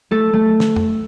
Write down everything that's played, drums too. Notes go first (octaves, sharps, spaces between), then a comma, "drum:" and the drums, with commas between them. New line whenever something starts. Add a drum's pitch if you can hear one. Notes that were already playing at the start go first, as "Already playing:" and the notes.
A3 A4
A3
drum: snare
drum: tom F2